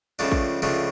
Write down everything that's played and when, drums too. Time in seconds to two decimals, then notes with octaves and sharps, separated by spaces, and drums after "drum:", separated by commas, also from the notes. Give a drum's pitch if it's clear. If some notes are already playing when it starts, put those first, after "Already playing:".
0.19 C#2 C#3 F3 A3 D4
0.32 drum: kick
0.62 C#2 C#3 F3 A3 D4